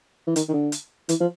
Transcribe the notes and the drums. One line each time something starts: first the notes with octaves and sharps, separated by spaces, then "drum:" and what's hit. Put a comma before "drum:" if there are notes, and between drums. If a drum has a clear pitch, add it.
E3
D#3, drum: hi-hat
D#3
D3
drum: hi-hat
E3, drum: hi-hat
F3